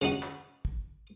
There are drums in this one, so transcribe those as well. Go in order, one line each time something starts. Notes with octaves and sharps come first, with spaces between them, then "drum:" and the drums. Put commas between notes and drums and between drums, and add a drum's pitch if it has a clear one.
C#3 C#4 D#4 F#4
drum: clap
drum: kick